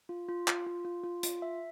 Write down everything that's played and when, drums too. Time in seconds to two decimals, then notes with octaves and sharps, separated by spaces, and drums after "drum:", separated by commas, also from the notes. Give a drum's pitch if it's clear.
0.09 F4
0.29 F4
0.48 F4, drum: clap
0.66 F4
0.85 F4
1.04 F4
1.23 F4, drum: hi-hat
1.42 E5